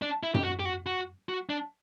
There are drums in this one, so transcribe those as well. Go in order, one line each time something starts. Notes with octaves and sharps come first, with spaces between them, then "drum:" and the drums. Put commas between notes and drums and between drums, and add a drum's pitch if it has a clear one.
D4
E4
G4, drum: tom F#2
F#4
G4
F#4
F#4
F#4
D4